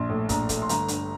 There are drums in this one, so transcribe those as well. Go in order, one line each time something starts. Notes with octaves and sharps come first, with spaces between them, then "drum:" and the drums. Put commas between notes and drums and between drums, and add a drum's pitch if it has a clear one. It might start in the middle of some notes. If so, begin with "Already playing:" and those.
Already playing: A#1 C6
A2
A#1 A#5, drum: kick, hi-hat
A3, drum: kick, hi-hat
C6
G1 A#5, drum: hi-hat
G2, drum: hi-hat